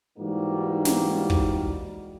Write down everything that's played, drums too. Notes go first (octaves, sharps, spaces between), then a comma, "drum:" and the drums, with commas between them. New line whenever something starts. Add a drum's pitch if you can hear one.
G#2 E3 G3 A#3 D#4 F#4
drum: snare
drum: kick